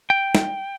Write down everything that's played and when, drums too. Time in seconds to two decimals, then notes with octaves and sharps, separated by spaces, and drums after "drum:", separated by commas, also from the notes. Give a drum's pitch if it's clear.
0.10 G5
0.35 drum: snare